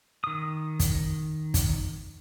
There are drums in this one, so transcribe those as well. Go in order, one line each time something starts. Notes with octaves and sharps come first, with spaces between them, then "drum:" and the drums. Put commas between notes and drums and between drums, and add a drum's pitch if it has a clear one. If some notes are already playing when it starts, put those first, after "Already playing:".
D#3 D#6
drum: kick, hi-hat
drum: kick, hi-hat